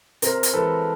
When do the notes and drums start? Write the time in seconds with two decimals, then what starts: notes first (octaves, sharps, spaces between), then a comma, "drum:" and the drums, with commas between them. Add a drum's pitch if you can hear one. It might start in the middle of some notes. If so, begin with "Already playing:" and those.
0.22 C3 A#4 C5, drum: hi-hat
0.43 drum: hi-hat
0.53 E3 G#3 A4 B4